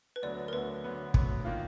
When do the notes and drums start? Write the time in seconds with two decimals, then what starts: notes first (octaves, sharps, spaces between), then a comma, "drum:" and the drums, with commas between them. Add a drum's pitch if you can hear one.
0.16 B4
0.22 D2 D3 F#3 B3 D5
0.48 A#4
0.53 D2 D3 F#3 B3 B4
0.84 D2 D3 F#3 B3
1.14 D2 D3 F#3 B3, drum: kick
1.45 D#3 A#3 F4